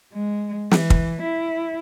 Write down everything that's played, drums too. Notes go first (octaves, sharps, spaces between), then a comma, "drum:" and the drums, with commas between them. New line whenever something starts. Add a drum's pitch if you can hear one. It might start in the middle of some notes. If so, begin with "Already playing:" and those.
G#3
E3, drum: snare
drum: kick
E4